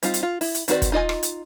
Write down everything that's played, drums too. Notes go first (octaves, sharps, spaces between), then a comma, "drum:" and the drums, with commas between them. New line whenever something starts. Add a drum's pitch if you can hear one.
G3 C4 D#4 F4, drum: hi-hat
drum: hi-hat
F4
E4, drum: open hi-hat
drum: hi-hat
D#3 C4 F#4 B4 D5, drum: hi-hat
drum: kick, hi-hat
D#4 F4 D#5 G#5
drum: rim click
drum: hi-hat